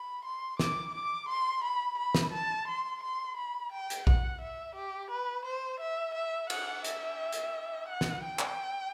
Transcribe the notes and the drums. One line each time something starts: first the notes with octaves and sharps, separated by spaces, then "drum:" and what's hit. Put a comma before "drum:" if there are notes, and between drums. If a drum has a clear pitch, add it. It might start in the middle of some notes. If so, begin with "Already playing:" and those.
Already playing: B5
C6
D6, drum: snare
D6
C6
B5
B5
drum: snare
A5
C6
C6
B5
G5
drum: hi-hat
F#5, drum: kick A#1
E5
G4
B4
C5
E5
E5
F#5, drum: cymbal
E5, drum: hi-hat
drum: hi-hat
F#5
drum: snare
G5
drum: clap